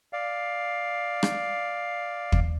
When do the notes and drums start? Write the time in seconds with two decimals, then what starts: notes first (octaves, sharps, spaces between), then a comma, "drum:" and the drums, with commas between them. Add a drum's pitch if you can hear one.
0.13 D5 F5
1.23 drum: rim click
2.32 drum: kick